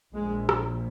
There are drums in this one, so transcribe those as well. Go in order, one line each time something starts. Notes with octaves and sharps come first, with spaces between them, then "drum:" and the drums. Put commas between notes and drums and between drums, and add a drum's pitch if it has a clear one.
A#1 A#2 G#3
drum: rim click